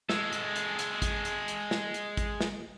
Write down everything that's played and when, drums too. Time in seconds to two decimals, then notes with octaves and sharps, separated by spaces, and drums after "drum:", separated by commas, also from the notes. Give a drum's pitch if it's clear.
0.09 G#3 A4, drum: snare
0.33 drum: hi-hat
0.56 drum: hi-hat
0.79 drum: hi-hat
1.02 drum: kick, hi-hat
1.25 drum: hi-hat
1.48 drum: hi-hat
1.71 drum: snare
1.94 drum: hi-hat
2.17 drum: kick, hi-hat
2.41 drum: snare